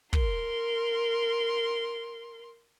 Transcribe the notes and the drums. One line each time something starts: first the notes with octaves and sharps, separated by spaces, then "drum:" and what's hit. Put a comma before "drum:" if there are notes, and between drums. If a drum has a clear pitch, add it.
A#4 C6, drum: kick